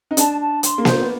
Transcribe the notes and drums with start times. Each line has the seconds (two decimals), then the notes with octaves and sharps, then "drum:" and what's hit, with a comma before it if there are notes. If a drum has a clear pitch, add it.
0.11 D#4
0.17 D4 A5, drum: hi-hat
0.40 A5
0.63 C6, drum: hi-hat
0.78 A#3
0.85 C5, drum: snare A#3
1.01 B3